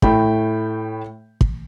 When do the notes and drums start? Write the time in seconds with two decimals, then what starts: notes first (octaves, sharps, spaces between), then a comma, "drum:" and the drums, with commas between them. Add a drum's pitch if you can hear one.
0.02 A2 A3 G5 B5, drum: kick
1.41 drum: kick